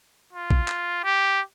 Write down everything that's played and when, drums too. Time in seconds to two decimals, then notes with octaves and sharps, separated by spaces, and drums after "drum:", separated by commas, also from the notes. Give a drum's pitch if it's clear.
0.33 F4
0.51 drum: kick
0.68 drum: clap
1.04 G4